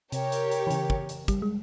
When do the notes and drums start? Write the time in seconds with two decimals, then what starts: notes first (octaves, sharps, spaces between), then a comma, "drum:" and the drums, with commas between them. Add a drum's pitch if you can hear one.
0.12 C3 G4 A#4 C#5, drum: hi-hat
0.32 drum: hi-hat
0.51 drum: hi-hat
0.67 E3
0.71 C#3, drum: hi-hat
0.90 drum: kick
1.09 drum: hi-hat
1.28 G3, drum: kick, hi-hat
1.42 G#3